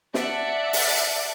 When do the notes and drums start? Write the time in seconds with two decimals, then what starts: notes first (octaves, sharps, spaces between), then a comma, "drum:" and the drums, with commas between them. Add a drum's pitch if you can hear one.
0.14 D5 E5 F#5 A5, drum: snare
0.73 drum: open hi-hat